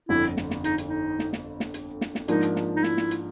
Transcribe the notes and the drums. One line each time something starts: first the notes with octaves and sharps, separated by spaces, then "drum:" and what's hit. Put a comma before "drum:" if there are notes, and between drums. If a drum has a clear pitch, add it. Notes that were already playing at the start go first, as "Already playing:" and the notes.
G1 F2 D3 E4
drum: snare
drum: snare
D#4, drum: hi-hat
drum: hi-hat
D#4
drum: snare
drum: snare
drum: snare
drum: hi-hat
drum: snare
drum: snare
G#2 F3 A#3 D4 D#4, drum: hi-hat
drum: hi-hat
drum: snare
D#4
E4, drum: snare
drum: snare
drum: hi-hat